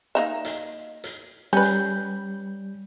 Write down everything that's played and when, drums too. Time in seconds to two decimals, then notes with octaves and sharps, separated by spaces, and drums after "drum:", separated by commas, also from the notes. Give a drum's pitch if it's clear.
0.15 A#3 D#4 E5
0.45 drum: hi-hat
1.04 drum: hi-hat
1.53 G3 C#4 B4 G6
1.63 drum: hi-hat